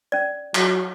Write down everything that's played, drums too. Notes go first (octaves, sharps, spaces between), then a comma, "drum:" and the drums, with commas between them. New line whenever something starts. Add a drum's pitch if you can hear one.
C#4 D5
F#3, drum: clap